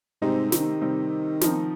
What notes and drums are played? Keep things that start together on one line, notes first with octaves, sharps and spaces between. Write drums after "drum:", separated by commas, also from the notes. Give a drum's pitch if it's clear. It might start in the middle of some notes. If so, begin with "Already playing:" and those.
G#2 C3 G3 C4 D#4
D#3, drum: snare
C3 G3 C4 D#4
F3 C4 D#4 A#4, drum: snare